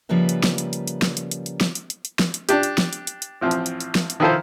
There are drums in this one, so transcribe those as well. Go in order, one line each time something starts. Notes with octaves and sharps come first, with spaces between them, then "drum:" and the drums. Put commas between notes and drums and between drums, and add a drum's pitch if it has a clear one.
C#3 F3 G3 A#3 B4 E5
drum: hi-hat
drum: snare
drum: hi-hat
drum: hi-hat
drum: hi-hat
drum: snare
drum: hi-hat
drum: hi-hat
drum: hi-hat
drum: snare
drum: hi-hat
drum: hi-hat
drum: hi-hat
drum: snare
drum: hi-hat
D4 G4, drum: hi-hat
drum: hi-hat
drum: snare
drum: hi-hat
drum: hi-hat
drum: hi-hat
A1 F3 C4
drum: hi-hat
drum: hi-hat
drum: hi-hat
drum: snare
drum: hi-hat
D#3 F3 E4 F4 A4 C5